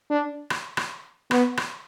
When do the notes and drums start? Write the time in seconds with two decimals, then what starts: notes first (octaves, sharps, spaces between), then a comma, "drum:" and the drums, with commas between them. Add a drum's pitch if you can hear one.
0.10 D4
0.50 drum: rim click
0.77 drum: rim click
1.31 B3, drum: rim click
1.57 drum: rim click